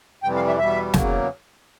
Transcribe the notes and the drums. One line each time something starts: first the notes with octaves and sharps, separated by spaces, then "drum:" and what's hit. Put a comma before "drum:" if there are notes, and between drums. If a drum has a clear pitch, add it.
F2 C3 E3 G3 G5
F5
E5
E2 B2 G3 E5
E2 C#3 F#3 A#3, drum: snare